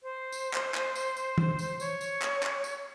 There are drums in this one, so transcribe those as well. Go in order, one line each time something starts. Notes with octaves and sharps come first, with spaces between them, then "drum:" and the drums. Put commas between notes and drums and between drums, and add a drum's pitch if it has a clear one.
C5
drum: tambourine
drum: clap
drum: clap
drum: tambourine
drum: tambourine
drum: tom
drum: tambourine
C#5, drum: tambourine
drum: tambourine
drum: clap
drum: clap
drum: tambourine